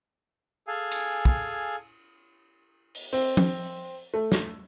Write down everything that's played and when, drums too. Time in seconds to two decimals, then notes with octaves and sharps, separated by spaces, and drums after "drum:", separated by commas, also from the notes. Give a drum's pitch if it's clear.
0.68 G#4 A4 F5 G#5
0.91 drum: cymbal
1.25 drum: kick
2.95 drum: open hi-hat
3.13 C4, drum: open hi-hat
3.37 drum: tom F3
4.14 A3
4.32 drum: snare